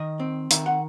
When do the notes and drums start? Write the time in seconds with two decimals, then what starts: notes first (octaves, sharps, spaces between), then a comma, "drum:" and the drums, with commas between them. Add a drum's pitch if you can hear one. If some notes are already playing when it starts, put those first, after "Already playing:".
Already playing: D#3 D#5
0.20 C4
0.51 D#3 E5, drum: hi-hat
0.66 F#5